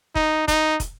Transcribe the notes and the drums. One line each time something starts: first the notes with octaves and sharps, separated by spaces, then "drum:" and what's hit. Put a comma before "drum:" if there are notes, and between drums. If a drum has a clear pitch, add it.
D#4, drum: kick
D#4, drum: kick, hi-hat
drum: kick, hi-hat